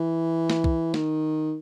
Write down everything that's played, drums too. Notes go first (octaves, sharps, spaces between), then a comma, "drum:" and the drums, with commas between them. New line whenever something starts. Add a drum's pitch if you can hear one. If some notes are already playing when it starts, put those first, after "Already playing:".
Already playing: E3
drum: snare
drum: kick C2
D#3, drum: snare